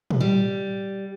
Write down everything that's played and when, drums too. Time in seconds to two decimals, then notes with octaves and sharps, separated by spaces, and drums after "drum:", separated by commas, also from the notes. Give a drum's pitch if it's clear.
0.11 drum: tom
0.20 G3